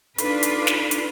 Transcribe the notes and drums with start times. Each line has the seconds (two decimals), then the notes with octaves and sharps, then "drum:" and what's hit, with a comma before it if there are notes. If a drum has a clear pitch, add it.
0.18 D4 D#4 F4 A4 B4 B5, drum: hi-hat
0.43 drum: hi-hat
0.67 drum: snare
0.91 drum: hi-hat